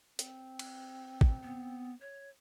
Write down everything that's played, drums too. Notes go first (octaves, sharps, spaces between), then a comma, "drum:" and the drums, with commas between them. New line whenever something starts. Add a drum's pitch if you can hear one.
C4, drum: hi-hat
drum: cymbal
drum: kick
B3
C#5